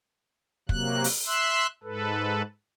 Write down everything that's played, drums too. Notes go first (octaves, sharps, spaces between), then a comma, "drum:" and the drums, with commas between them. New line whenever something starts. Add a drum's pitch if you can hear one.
C3 F#3 A#3 F#6, drum: kick
drum: open hi-hat
E5 C6 E6 F#6
G#2 A4 B4